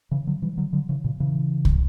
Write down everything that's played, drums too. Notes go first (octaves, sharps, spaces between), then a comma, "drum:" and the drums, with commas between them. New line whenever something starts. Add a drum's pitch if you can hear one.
C#3 E3
D3 F#3
E3 G3
D3 F#3
D3 F#3
C#3 E3
A#2 C#3
C#3 E3
drum: kick C2